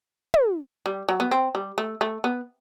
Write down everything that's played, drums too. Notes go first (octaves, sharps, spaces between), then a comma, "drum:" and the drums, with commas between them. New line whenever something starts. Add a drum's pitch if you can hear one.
drum: tom
G3
F#3
B3
C4
G3
A3
A3
B3